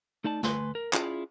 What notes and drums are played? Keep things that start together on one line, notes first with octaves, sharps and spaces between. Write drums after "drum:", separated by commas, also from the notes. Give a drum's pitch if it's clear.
A3 D#4 D5 A5
D2 A3 B4 G#5 C6, drum: snare
A#4
C#4 E4 F4 G#4 D5, drum: clap